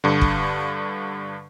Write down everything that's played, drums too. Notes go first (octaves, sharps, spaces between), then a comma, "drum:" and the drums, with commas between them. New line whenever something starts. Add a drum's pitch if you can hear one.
G2 D3
drum: kick